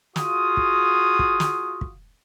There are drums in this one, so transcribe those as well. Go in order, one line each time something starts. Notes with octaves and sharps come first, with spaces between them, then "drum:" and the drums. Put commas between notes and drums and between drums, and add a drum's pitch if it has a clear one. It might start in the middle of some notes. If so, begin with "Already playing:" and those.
F4 F#4 G#4 D#6, drum: snare
drum: kick
drum: kick
drum: snare
drum: kick